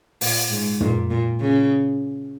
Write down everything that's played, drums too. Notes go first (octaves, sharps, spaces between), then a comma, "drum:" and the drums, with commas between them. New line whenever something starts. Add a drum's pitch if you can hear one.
A#2, drum: open hi-hat
G#2
A#2, drum: tom
A#2
C#3